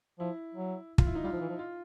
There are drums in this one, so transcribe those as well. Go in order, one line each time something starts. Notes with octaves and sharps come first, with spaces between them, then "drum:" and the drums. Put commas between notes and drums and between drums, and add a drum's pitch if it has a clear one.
F3 E4
F#3
F4, drum: kick
E4
D#4
G3 F4
F3
E3
F3
F4